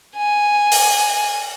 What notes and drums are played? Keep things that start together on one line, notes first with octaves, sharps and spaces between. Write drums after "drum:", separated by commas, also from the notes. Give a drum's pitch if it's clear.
G#5
drum: open hi-hat